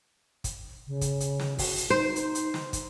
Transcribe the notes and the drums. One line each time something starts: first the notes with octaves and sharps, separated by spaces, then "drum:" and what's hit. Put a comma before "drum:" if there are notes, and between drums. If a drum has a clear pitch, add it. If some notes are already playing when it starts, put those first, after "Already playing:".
drum: kick, hi-hat
C#3
drum: kick, hi-hat
drum: hi-hat
drum: snare
F#4, drum: kick, open hi-hat
drum: hi-hat
D#4 C5
drum: hi-hat
drum: hi-hat
drum: snare
drum: kick, hi-hat